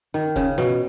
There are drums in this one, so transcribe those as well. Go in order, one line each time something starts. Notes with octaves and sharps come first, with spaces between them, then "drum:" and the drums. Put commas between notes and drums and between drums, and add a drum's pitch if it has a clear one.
D#3
C#3, drum: kick F1
B2, drum: snare